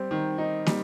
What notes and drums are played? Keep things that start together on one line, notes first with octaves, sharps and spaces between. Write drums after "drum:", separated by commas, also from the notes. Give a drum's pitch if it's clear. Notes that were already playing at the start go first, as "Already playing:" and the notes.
Already playing: G3 C4
D#3
D#4
G3, drum: snare